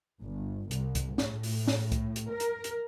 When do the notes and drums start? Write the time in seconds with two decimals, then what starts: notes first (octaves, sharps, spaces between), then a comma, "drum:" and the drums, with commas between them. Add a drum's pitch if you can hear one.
0.21 G1
0.71 C2, drum: hi-hat
0.95 drum: kick C2, hi-hat
1.18 A2, drum: snare
1.43 drum: open hi-hat
1.68 drum: snare
1.92 drum: kick C2, hi-hat
2.16 drum: hi-hat
2.31 A#4
2.40 drum: hi-hat
2.64 drum: hi-hat